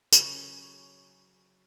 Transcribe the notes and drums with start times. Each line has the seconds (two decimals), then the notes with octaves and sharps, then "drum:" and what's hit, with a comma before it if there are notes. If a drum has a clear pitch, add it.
0.13 C#3 F#3 C#4, drum: tambourine